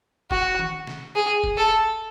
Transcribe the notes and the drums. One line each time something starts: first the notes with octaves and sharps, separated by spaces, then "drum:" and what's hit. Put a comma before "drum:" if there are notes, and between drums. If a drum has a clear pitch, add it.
F#4, drum: kick E1
drum: tom D#3
drum: snare
G#4
drum: kick E1
A4